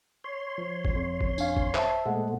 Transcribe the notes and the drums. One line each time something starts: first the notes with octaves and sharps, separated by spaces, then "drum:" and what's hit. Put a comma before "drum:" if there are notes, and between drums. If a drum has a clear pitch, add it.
C#5 C6
F3
drum: kick
F2
drum: kick
C#4 D4 F5, drum: tambourine
drum: kick
C5 E5 A5, drum: clap
A#2 G#3 A3 F#5